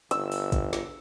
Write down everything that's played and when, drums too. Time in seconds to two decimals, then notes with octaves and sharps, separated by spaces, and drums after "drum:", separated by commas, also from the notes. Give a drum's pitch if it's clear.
0.11 G1 E6, drum: hi-hat
0.32 drum: open hi-hat
0.52 drum: kick, hi-hat
0.73 drum: snare